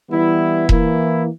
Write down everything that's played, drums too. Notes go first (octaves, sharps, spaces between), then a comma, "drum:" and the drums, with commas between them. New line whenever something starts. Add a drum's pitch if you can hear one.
E3 G3 B3 E4
E3 A#3 E4, drum: kick E1